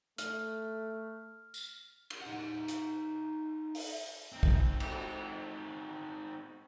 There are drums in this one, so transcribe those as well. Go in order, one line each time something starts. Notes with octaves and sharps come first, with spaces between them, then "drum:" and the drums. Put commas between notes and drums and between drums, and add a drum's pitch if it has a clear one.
A3 F6, drum: hi-hat
drum: tambourine
drum: cymbal
D#4 F#5
drum: hi-hat
drum: open hi-hat
C4 D#4
drum: kick
drum: cymbal